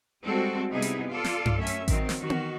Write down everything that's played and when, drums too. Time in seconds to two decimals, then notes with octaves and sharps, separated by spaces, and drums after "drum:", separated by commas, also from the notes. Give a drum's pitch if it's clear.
0.23 G3 G#3 C4 F#4 A4
0.71 C3 G3 B3 D#4 E4 G#4
0.82 drum: hi-hat
1.09 F4 A4 D5
1.24 drum: snare
1.46 drum: tom G2
1.56 F#2 A3 C#4 E5
1.67 drum: hi-hat
1.88 D#3 F#3 C4, drum: kick A1, hi-hat
2.09 drum: snare
2.18 D#3 F#4
2.30 drum: tom B3